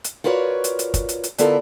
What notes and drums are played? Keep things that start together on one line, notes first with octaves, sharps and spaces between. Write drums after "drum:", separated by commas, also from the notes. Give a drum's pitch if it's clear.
drum: hi-hat
F4 F#4 A#4 B4 C#5 D5
drum: hi-hat
drum: hi-hat
drum: kick, hi-hat
drum: hi-hat
drum: hi-hat
D3 B3 E4 F4 A4 A#4, drum: hi-hat